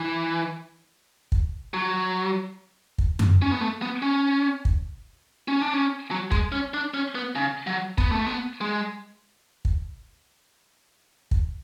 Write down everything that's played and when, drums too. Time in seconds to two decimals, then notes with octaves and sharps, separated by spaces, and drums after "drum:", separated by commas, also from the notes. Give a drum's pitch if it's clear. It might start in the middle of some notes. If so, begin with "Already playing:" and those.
Already playing: E3
1.32 drum: kick
1.74 F#3
2.98 drum: kick
3.19 drum: tom F#2
3.42 C#4
3.52 B3
3.61 A3
3.82 B3
4.02 C#4
4.65 drum: kick
5.48 C#4
5.62 D4
5.74 C#4
6.11 F#3
6.32 G#3, drum: kick
6.52 C#4
6.74 D4
6.94 C#4
7.15 B3
7.35 C#3
7.67 F#3
7.98 B3, drum: kick
8.12 A3
8.26 B3
8.61 G#3
9.65 drum: kick
11.31 drum: kick